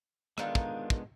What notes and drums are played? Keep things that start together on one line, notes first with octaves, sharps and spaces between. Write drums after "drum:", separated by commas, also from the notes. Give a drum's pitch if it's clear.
D3 D#3 G#3 B3 D4 F4, drum: rim click
drum: kick
drum: kick